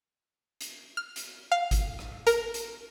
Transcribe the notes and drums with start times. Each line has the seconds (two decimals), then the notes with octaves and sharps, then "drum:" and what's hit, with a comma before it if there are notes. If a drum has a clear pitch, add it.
0.61 drum: hi-hat
0.97 F6
1.16 drum: hi-hat
1.52 F5
1.71 drum: kick G1, hi-hat
1.99 drum: rim click
2.27 A#4, drum: hi-hat
2.54 drum: hi-hat